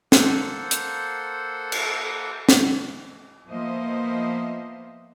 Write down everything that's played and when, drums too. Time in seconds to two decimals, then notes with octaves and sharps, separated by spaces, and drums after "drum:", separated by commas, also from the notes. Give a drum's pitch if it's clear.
0.12 A#3 A4 C5 F#5, drum: snare
0.71 drum: hi-hat
1.72 drum: cymbal
2.49 drum: snare
3.50 F3 A#3 B3 C5 D#5 E5